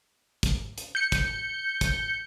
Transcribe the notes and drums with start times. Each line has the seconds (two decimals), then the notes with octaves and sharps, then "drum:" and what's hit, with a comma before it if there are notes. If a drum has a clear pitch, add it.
0.43 drum: kick, hi-hat
0.78 drum: hi-hat
0.95 G6 C#7
1.12 drum: kick, hi-hat
1.81 drum: kick, hi-hat